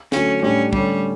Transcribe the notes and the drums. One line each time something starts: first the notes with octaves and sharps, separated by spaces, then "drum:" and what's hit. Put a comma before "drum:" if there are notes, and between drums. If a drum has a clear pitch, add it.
D3 F#3 A3 C#4, drum: snare
A2 G3 C#4 D4 G4
D3 G3 A3 C#4, drum: kick